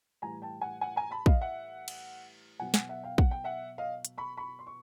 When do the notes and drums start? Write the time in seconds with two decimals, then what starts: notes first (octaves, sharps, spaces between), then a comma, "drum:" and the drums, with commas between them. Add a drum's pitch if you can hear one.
0.22 A2 E3 G3 G#5 A#5
0.42 G5 A5
0.61 F#5 G#5
0.81 F#5 G#5
0.96 G#5 A#5
1.11 A5 B5
1.26 D#5 F5, drum: kick
1.41 E5 F#5
1.88 drum: cymbal
2.60 B2 F#3 F#5 G#5
2.74 F#5 G#5, drum: snare
2.89 E5 F#5
3.03 F5 G5
3.18 F#5, drum: kick
3.31 G5
3.44 E5 F#5
3.78 D#5 F5
4.05 drum: hi-hat
4.18 B5 C#6
4.37 B5 C#6
4.59 C6
4.67 C#6